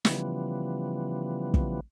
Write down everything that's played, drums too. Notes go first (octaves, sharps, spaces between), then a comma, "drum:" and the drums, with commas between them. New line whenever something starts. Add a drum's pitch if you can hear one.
C#3 E3 F3 G3 B3, drum: snare
drum: kick